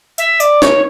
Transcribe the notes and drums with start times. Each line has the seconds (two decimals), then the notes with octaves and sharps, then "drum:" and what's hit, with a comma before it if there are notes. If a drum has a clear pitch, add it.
0.18 E5, drum: tambourine
0.40 D5, drum: tambourine
0.62 C#5, drum: snare